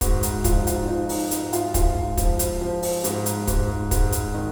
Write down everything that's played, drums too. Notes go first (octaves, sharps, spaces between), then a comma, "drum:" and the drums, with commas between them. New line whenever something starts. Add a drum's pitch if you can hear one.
G#2 F#4, drum: kick, hi-hat
drum: hi-hat
F3 F4, drum: kick, hi-hat
D#4
F4, drum: hi-hat
F3 D#4
D#4, drum: open hi-hat
G#2 D#4, drum: hi-hat
F4, drum: hi-hat
G#2 F4, drum: kick, hi-hat
F3, drum: kick, hi-hat
drum: hi-hat
F3
drum: open hi-hat
G#2, drum: hi-hat
drum: hi-hat
G#2, drum: kick, hi-hat
G#2, drum: kick, hi-hat
drum: hi-hat
D#3 D#4